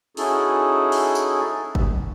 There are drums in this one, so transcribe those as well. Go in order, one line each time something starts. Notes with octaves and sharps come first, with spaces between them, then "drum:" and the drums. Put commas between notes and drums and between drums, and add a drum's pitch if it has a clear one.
C#4 D#4 E4 F#4 G#4 A4, drum: open hi-hat
drum: open hi-hat
drum: tambourine
drum: kick G1